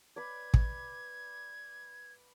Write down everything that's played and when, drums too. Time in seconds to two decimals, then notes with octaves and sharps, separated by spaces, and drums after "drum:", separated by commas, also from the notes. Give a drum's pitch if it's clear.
0.16 B4 D5 G#6
0.54 drum: kick